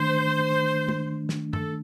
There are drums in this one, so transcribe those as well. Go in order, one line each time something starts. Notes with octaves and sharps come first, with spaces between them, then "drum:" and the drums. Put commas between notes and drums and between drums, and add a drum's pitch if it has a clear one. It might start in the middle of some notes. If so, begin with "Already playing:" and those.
Already playing: D#3 A3 D4 C5
drum: tom
drum: snare
A4, drum: tom G2